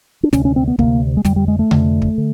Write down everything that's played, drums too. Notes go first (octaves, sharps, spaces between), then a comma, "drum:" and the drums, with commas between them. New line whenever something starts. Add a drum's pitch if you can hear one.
D4
D2 C3 C#4, drum: snare
C#4
C4
B3
D2 C3 A#3, drum: kick
G#3
F2 D3 G3, drum: snare
G3
G#3
A3
F2 D3, drum: tom C3
drum: kick
D3